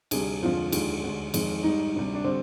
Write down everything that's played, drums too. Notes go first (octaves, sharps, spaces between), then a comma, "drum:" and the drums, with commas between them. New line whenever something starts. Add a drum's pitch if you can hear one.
D2 C3 G3 G#4, drum: cymbal
F2 D3 F3 G#3 F4
D#2 D3 F3 G#3, drum: cymbal
D2 D3 G#3
F2 D#3 G#3, drum: cymbal
G#2 G3 D#4
D2 C3 G3
D4
D3 G3 C4